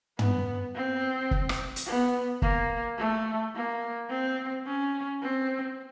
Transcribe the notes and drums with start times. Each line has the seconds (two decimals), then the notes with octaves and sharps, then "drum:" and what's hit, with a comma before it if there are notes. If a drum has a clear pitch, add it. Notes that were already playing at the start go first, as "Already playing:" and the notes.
0.19 B3, drum: tom
0.75 C4
1.31 drum: kick
1.49 drum: rim click
1.76 drum: hi-hat
1.86 B3
2.42 A#3, drum: kick
2.98 A3
3.55 A#3
4.10 C4
4.66 C#4
5.22 C4